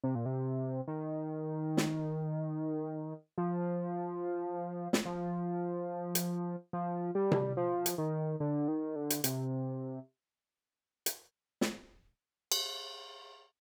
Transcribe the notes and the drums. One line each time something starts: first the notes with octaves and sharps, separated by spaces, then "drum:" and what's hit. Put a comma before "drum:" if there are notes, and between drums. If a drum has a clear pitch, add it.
C3
A#2
C3
D#3
drum: snare
F3
drum: snare
F3
drum: hi-hat
F3
G3
drum: tom C3
F3
drum: hi-hat
D#3
D3
D#3
D3
drum: hi-hat
C3, drum: hi-hat
drum: hi-hat
drum: snare
drum: cymbal